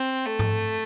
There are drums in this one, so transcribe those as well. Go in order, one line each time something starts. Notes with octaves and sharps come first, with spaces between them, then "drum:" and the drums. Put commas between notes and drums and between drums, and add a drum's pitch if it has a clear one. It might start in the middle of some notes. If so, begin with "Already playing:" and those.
Already playing: C4
A3
drum: tom G#2